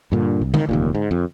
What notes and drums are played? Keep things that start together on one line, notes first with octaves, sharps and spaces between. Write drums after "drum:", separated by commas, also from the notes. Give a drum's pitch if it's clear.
G2 A#2 D3
C2
D#3, drum: tom D3
F1 D#2 A#2
G#2
F2